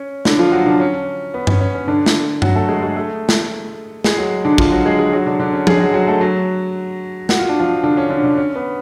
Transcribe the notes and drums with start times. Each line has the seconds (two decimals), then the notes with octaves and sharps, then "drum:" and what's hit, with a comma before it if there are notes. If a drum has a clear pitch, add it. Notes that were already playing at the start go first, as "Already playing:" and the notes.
Already playing: C#4
0.25 D3 D4, drum: snare
0.39 F3 F4
0.52 F#3 F#4
0.66 D3 D4
0.80 C#4
1.34 B3
1.47 C#4, drum: tom G2
1.61 C#4
1.75 C#4
1.87 D3 D4
2.06 drum: snare
2.42 F#3 F#4, drum: tom G2
2.55 A3 A4
2.69 G#3 G#4
2.82 G#3 G#4
2.96 A3 A4
3.29 drum: snare
4.04 G#3 G#4, drum: snare
4.18 F#3 F#4
4.45 D3 D4
4.58 F3 F4, drum: kick
4.72 F#3 F#4
4.85 G#3 G#4
4.99 G#3 G#4
5.13 F#3 F#4
5.26 D3 D4
5.40 D3 D4
5.53 C#4
5.67 G#3 G#4, drum: tom
5.80 F#3 F#4
5.94 F#3 F#4
6.07 A3 A4
6.21 F#3 F#4
7.29 F#4, drum: snare
7.39 F4
7.49 D4
7.60 F3 F4
7.83 D3 D4
7.97 C#4
8.10 D3 D4
8.24 D3 D4
8.38 C#4
8.56 B3